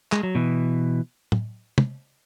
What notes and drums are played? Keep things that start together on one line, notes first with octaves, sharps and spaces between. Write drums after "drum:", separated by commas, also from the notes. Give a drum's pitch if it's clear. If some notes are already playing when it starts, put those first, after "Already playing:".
G#3, drum: clap
F#3
B2 E3
drum: tom
drum: tom